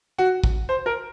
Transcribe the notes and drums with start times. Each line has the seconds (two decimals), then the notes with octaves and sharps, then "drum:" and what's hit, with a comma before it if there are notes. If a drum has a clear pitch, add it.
0.18 F#4
0.44 drum: kick
0.69 C5
0.86 A#4